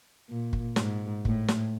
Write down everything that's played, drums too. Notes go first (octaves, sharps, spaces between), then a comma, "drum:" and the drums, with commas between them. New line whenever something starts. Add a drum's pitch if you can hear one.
A#2
drum: kick
G#2, drum: snare
A2, drum: kick
drum: snare